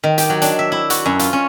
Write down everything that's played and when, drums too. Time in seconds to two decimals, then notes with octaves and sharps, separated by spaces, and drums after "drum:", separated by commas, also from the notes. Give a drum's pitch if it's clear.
0.04 D#3
0.18 G4, drum: hi-hat
0.30 F#3
0.42 D4, drum: hi-hat
0.59 E5
0.72 E4
0.90 F#4, drum: hi-hat
1.06 F#2
1.19 F4, drum: hi-hat
1.33 C#4